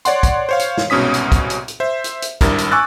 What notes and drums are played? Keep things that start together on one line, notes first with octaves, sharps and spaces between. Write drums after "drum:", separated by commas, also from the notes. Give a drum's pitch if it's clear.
C#5 D5 F#5 C6, drum: hi-hat
drum: kick, hi-hat
C5 C#5 F5
drum: hi-hat
drum: snare
C2 G#2 B2 C#4 D#6 B6
drum: hi-hat
drum: kick, hi-hat
drum: hi-hat
drum: hi-hat
C5 E5
drum: hi-hat
drum: hi-hat
G#1 G2 G3 D4 E4 A#4, drum: kick, hi-hat
drum: hi-hat
G#5 C#6 D6 E6 F#6 A6